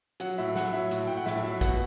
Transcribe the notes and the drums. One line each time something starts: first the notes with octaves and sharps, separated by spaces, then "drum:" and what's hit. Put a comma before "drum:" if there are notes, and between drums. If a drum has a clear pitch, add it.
F#3 F#5, drum: hi-hat
A2 E5
F#3 F#5, drum: snare
F#3 E5
A2, drum: hi-hat
A2 G5
F#5
A2 E5, drum: snare
F#3 E5
B2 F#5, drum: kick, hi-hat